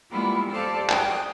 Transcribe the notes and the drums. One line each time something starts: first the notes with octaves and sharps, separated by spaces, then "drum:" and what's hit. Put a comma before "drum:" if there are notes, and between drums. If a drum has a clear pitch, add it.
G3 G#3 A#3 B3 E4 F4
G4 A4 C5 D5 F5 A5
G5 D#6 F#6, drum: clap